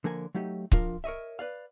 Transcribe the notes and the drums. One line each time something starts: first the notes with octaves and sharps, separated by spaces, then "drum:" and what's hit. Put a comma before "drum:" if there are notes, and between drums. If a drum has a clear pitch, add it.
D3 F3 A#3 A#4 G#5
F#3 A3 D#4 G4
F3 D4 F4 A#4, drum: kick C#1
A#4 C#5 D#5 E5
B4 D5 F5